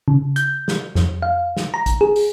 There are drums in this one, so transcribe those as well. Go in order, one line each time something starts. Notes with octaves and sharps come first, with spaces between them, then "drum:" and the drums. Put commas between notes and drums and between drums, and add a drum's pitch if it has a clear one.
C#3
G6, drum: hi-hat
drum: snare
F2, drum: snare
F5
drum: snare
A#5
drum: kick, hi-hat
G#4
drum: open hi-hat